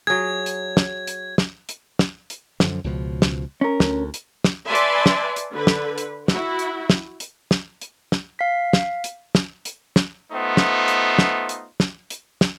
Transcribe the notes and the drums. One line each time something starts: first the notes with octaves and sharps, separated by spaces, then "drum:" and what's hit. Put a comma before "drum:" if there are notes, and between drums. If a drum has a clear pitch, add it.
F#3 G#4 G#6
drum: hi-hat
drum: snare
drum: hi-hat
drum: snare
drum: hi-hat
drum: snare
drum: hi-hat
F#2 D3 F3, drum: snare
C#2 B2 F3
drum: snare
C#4 A#4
D2, drum: snare
drum: hi-hat
drum: snare
B4 D5 E5 G#5 A5 C6
drum: hi-hat
drum: snare
drum: hi-hat
D3 B4
drum: snare
drum: hi-hat
E4 F#4, drum: snare
drum: hi-hat
drum: snare
drum: hi-hat
drum: snare
drum: hi-hat
drum: snare
F5 B6
drum: snare
drum: hi-hat
drum: snare
drum: hi-hat
drum: snare
A3 B3 D#4 F4 C5
drum: snare
drum: hi-hat
drum: snare
drum: hi-hat
drum: snare
drum: hi-hat
drum: snare